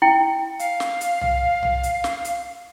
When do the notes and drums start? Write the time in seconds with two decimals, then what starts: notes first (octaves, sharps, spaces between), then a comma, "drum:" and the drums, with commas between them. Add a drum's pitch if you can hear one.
0.02 E4 G5
0.59 F5, drum: hi-hat
0.80 drum: snare
1.01 drum: hi-hat
1.21 drum: tom
1.63 drum: tom
1.83 drum: hi-hat
2.04 drum: snare
2.25 drum: hi-hat